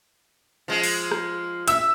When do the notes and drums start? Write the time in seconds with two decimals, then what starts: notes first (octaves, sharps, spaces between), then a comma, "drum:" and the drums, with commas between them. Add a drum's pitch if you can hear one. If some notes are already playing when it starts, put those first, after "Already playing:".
0.68 F3 G#3
0.84 drum: open hi-hat
1.12 drum: rim click
1.68 E5 E6, drum: hi-hat